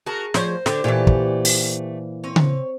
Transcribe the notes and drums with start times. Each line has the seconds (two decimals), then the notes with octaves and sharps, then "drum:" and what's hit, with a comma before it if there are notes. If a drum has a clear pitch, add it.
0.06 F#4 G#4 A#4 A5
0.34 F3 C5 C#5, drum: snare
0.66 D3 G4, drum: snare
0.84 A#2 E3 A3 G4 A5
1.07 drum: kick
1.45 drum: open hi-hat
2.24 C4 C#5
2.36 drum: tom C#3